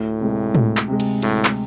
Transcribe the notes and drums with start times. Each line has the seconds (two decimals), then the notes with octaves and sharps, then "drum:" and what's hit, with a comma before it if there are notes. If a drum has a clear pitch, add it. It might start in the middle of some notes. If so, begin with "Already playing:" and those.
Already playing: D2 A2
0.20 C3 G#3
0.55 D2, drum: tom A2
0.77 drum: clap
0.88 C3 G#3
1.00 drum: cymbal
1.22 D2 A2, drum: cymbal
1.45 drum: clap